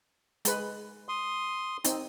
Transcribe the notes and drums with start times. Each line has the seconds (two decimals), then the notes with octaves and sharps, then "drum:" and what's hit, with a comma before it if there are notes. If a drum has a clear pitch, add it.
0.45 G#3 B4, drum: hi-hat
1.09 C6 D#6
1.84 C4 D#4, drum: hi-hat